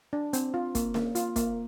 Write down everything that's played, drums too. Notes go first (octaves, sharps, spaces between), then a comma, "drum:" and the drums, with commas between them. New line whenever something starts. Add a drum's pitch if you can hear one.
D4
C4, drum: hi-hat
F4
A#3, drum: kick, hi-hat
A#3, drum: snare
F4, drum: hi-hat
A#3, drum: kick, hi-hat